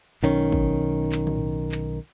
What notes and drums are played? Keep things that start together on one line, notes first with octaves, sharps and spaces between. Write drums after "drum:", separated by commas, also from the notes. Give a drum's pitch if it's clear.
B1 D#3 C#4, drum: clap
drum: kick
drum: clap
drum: tom A2
drum: clap